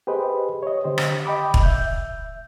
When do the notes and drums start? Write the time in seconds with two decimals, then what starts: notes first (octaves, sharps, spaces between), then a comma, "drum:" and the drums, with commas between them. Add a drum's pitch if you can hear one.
0.07 G4 G#4 B4 C5 D#5
0.63 C#5 D#5
0.84 D3 G4 C5
0.98 drum: rim click
1.26 D#5 G5 B5 D6
1.54 drum: kick
1.63 E5 G6